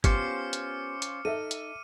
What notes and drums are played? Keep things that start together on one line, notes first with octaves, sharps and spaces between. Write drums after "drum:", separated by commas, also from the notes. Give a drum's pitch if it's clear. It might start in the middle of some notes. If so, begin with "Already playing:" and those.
B3 C#4 F4 G4 C5 D6 F6 C#7, drum: kick G1, hi-hat
drum: hi-hat
drum: hi-hat
D#4 A4 E5 D#7
drum: hi-hat